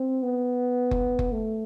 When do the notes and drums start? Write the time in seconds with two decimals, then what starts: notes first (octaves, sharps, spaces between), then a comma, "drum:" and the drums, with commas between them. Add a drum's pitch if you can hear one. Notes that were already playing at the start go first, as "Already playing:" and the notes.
Already playing: C4
0.23 B3
0.91 drum: kick F#1
1.19 drum: kick F#1
1.32 A3